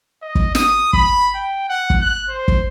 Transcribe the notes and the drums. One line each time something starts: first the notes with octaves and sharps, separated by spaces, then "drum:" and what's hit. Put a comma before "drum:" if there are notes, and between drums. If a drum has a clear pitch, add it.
D#5
drum: kick
D#6, drum: snare
B5, drum: kick
G5
F#5
drum: kick
F#6
C5
drum: kick